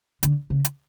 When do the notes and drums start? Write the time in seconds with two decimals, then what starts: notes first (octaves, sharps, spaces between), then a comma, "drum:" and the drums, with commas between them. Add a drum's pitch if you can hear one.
0.23 D3, drum: hi-hat
0.50 C#3
0.65 drum: hi-hat